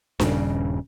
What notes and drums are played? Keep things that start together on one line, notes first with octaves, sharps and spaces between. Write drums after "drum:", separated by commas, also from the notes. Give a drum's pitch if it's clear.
D#1 G2 C#3, drum: snare D4